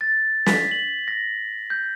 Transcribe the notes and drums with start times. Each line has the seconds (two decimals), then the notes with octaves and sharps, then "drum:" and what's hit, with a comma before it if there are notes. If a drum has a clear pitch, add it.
0.01 A6
0.46 B6, drum: snare
0.71 F#7
1.08 A#6
1.70 G6